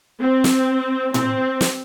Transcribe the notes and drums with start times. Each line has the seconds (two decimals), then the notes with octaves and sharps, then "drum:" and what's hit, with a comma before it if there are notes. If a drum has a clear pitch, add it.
0.21 C4
0.44 drum: snare
1.14 C4, drum: tom A2
1.61 drum: snare